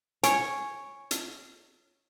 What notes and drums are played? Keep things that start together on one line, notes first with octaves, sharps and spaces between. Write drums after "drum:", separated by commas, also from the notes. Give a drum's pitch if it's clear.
C#5 G#5, drum: hi-hat
drum: hi-hat